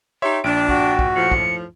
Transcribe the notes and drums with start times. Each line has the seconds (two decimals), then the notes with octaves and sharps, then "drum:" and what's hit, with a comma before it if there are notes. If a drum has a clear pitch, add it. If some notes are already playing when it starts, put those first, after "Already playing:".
0.22 D#4 G4 C#5 E5 C6
0.44 A#1 D4 G5 D7
0.69 F#4 G5, drum: kick
0.99 drum: kick
1.15 A2 F3 C#7
1.32 drum: kick